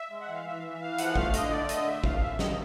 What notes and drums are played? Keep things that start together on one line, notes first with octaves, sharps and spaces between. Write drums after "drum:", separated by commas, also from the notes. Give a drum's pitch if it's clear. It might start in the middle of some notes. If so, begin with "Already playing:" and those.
Already playing: E5
G#3
F#5
E3
F5
E3 E5
F5
E3 E5
E3 F5
F3 F#5, drum: hi-hat
A3 F5, drum: kick
D3 D#5, drum: hi-hat
A3 D5
D3 D#5, drum: hi-hat
A3 E5
F#2 F5, drum: kick
F#2 E5
A3 D#5, drum: snare